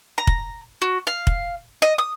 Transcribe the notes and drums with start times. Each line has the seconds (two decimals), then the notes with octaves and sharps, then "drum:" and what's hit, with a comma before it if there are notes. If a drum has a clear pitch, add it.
0.18 A#5
0.27 drum: kick
0.82 F#4
1.07 F5
1.27 drum: kick
1.82 D#5
1.98 D#6